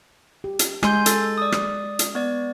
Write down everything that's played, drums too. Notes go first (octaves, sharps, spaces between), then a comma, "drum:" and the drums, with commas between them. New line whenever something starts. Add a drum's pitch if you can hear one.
G4
drum: hi-hat
G#3 G#5 C6 G6, drum: rim click
A4 A6, drum: hi-hat
D5 D#6
drum: rim click
drum: hi-hat
B3 D5